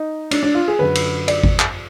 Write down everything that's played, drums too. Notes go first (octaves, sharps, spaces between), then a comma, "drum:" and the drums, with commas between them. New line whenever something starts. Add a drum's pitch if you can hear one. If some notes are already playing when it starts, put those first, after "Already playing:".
Already playing: D#4
D4, drum: cymbal
D4
F4
G#4
F#2 D3 B4
drum: cymbal
D5, drum: cymbal
drum: kick G#1
drum: clap